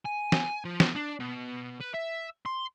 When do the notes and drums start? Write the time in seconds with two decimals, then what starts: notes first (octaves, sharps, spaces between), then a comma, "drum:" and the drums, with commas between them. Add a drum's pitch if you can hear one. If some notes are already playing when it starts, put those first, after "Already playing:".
0.06 G#5
0.32 drum: snare
0.65 F3
0.80 drum: snare
0.95 D4
1.20 B2
1.81 B4
1.94 E5
2.46 C6